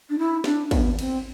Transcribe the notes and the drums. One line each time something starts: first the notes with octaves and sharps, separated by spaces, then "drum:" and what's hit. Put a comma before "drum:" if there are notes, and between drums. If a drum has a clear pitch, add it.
D4
E4
D4, drum: snare
B3, drum: kick, cymbal
C4, drum: cymbal